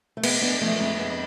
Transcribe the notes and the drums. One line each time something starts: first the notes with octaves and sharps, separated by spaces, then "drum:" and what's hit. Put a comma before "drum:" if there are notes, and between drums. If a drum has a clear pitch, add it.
A3
G#3 B3, drum: cymbal
B3 D4
F3 A3
F2 G#3
G#3 B3